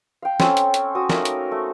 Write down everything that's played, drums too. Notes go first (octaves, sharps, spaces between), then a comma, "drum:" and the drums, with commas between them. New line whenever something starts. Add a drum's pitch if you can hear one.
F5 G5
C4 C#4 A4, drum: snare
drum: hi-hat
drum: hi-hat
F#4 D#6
A3 A#3 D#4 A#4, drum: snare
drum: hi-hat
A3